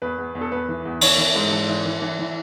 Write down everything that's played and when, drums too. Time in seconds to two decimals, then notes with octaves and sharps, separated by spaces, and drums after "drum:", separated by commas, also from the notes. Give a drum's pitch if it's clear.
0.02 E2 B4
0.18 E2
0.35 E2
0.41 A4
0.52 E2 B4
0.69 E3
0.85 E2
1.01 E3 C#5, drum: cymbal
1.18 E3
1.36 G#2
1.51 E3 A4
1.69 E3
1.85 E3
2.02 E3
2.19 E3